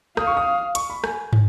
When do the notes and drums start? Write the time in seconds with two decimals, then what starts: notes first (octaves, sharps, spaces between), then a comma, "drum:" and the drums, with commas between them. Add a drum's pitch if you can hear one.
0.17 F5 D#6, drum: rim click
0.27 C#6
0.37 D#6
0.75 C#6, drum: hi-hat
0.90 B5
1.04 G#5, drum: rim click
1.33 drum: tom